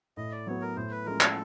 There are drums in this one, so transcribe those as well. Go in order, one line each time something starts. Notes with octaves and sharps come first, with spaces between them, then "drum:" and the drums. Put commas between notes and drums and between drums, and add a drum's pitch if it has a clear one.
A2 D#5
D5
F#3 B3 C#5
A#4
A2 C5
B4
F3 G#3 C#4 A#4
A4, drum: clap